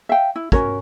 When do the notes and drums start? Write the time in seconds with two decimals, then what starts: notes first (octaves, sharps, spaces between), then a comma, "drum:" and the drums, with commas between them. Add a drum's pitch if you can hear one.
0.09 E5 F5 G5
0.36 E4
0.52 C#4 F#4 A#4 C#5, drum: kick